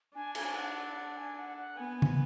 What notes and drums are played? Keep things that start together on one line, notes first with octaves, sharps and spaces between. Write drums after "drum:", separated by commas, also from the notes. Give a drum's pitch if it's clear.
D4 G#5
G#5, drum: cymbal
F#5
F#5
F#5
G#5
F#5
F#5
B3 G#5
drum: tom